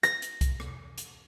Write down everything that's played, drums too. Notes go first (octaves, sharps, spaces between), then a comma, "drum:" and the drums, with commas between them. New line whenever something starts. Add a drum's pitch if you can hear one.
A#6, drum: hi-hat
drum: hi-hat
drum: kick, hi-hat
drum: rim click
drum: hi-hat